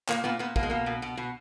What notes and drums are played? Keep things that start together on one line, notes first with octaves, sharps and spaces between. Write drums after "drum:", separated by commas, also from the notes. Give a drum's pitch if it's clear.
A#2 A#3, drum: clap
A#2 B3
A#2 B3
B2 A#3, drum: kick
G#3
B2 A#3
B2
B2
B2